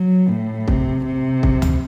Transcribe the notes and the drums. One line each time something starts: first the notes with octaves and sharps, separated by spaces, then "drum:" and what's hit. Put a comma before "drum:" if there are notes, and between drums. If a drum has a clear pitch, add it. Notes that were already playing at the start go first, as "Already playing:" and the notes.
Already playing: F#3
A2
C3, drum: kick
C3
drum: kick
drum: tom C#2